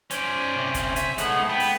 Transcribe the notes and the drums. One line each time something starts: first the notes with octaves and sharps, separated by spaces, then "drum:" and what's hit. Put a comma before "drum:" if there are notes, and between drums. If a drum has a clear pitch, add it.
C#4 C5 D5 G#5, drum: hi-hat
C3 C#4
drum: kick, hi-hat
E5, drum: hi-hat
G#2 A3 B3 G#4 F#5, drum: hi-hat
B3 G5 B5
drum: open hi-hat